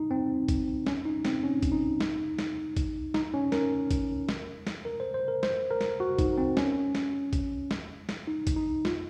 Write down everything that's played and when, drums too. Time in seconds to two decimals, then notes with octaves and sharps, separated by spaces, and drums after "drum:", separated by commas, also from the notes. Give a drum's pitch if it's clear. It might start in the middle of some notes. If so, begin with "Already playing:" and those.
Already playing: D#4
0.11 C4
0.48 drum: kick, hi-hat
0.86 C#4, drum: snare
1.05 D#4
1.25 C4, drum: snare
1.44 C#4
1.62 drum: kick, hi-hat
1.72 D#4
2.01 drum: snare
2.39 drum: snare
2.77 drum: kick, hi-hat
3.14 D#4, drum: snare
3.34 C#4
3.52 A#4, drum: snare
3.91 drum: kick, hi-hat
4.29 drum: snare
4.67 drum: snare
4.85 A#4
5.00 C5
5.14 C5
5.28 A#4
5.43 C5, drum: snare
5.71 A#4
5.81 drum: snare
6.00 F#4
6.19 D#4, drum: kick, hi-hat
6.38 C4
6.57 C#4, drum: snare
6.95 drum: snare
7.33 drum: kick, hi-hat
7.71 drum: snare
8.09 drum: snare
8.28 D#4
8.47 drum: kick, hi-hat
8.56 D#4
8.85 F4, drum: snare